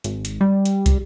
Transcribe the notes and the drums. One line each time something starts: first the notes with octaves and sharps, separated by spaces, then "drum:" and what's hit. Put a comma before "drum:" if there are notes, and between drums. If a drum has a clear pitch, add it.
G#1, drum: hi-hat
drum: hi-hat
G3
drum: hi-hat
drum: kick, hi-hat